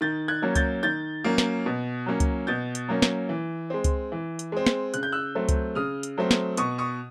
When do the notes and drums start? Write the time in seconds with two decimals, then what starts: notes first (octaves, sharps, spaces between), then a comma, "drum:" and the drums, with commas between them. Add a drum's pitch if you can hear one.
0.01 D#3 G6 A6
0.28 F#6 G#6
0.42 F#3 A#3 C#4
0.55 G6 A6, drum: kick C#2, hi-hat
0.83 D#3 G6 A6
1.24 F#3 A#3 C#4
1.38 drum: snare
1.66 B2
2.06 F#3 A#3 C#4
2.20 drum: kick C#2, hi-hat
2.47 B2 G6 A6
2.75 drum: hi-hat
2.88 F#3 A#3 C#4
3.02 drum: snare
3.29 E3
3.70 G#3 C4
3.84 drum: kick C#2, hi-hat
4.12 E3
4.39 drum: hi-hat
4.52 G#3 C4
4.67 drum: snare
4.94 C#3 F#6, drum: hi-hat
5.03 G6
5.12 E6 F#6
5.35 F#3 A3 C4
5.49 drum: kick C#2, hi-hat
5.75 C#3 D#6 F6
6.03 drum: hi-hat
6.18 F#3 A3 C4
6.31 drum: snare
6.57 B2 C#6 D#6, drum: hi-hat
6.78 C#6 D#6